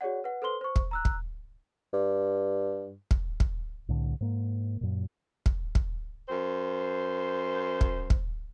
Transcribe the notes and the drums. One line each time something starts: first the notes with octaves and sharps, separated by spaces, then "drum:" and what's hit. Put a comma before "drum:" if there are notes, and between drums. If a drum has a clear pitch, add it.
F#4 G#4 C#5 D5 F#5
B4 F#5
A4 B4 C5 C6 G7
C5 C#6
drum: kick
A#5 E6 F#6
drum: kick
G2
drum: kick
drum: kick
C2 A2 D3
G#2 A#3
F#2 A#2
drum: kick
drum: kick
F#2 C5
drum: kick
drum: kick